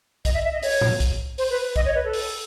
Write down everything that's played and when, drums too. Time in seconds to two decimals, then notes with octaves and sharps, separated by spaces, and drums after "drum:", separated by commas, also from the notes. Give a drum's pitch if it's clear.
0.25 D#5, drum: kick, hi-hat
0.34 E5
0.44 E5
0.53 D#5
0.63 C#5, drum: open hi-hat
0.81 drum: tom A2
1.00 drum: kick, hi-hat
1.38 C5, drum: open hi-hat
1.50 B4
1.76 D#5, drum: kick, hi-hat
1.85 C#5
1.95 B4
2.04 A4
2.13 drum: open hi-hat